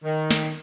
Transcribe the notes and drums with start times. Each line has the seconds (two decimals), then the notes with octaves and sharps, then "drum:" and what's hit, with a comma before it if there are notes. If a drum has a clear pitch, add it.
0.04 D#3
0.31 drum: snare